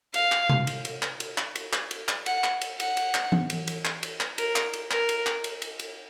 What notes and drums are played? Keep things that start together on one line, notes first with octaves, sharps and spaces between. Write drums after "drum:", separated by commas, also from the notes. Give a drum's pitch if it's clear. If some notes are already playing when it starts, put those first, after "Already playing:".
F5, drum: cymbal
drum: clap
drum: tom B2
drum: cymbal
drum: cymbal
drum: clap
drum: cymbal
drum: clap
drum: cymbal
drum: clap
drum: cymbal
drum: clap
F#5, drum: cymbal
drum: clap
drum: cymbal
F#5, drum: cymbal
drum: cymbal
drum: clap
drum: tom E3
drum: cymbal
drum: cymbal
drum: clap
drum: cymbal
drum: clap
A#4, drum: cymbal
drum: clap
drum: cymbal
A#4, drum: clap
drum: cymbal
drum: clap
drum: cymbal
drum: cymbal
drum: cymbal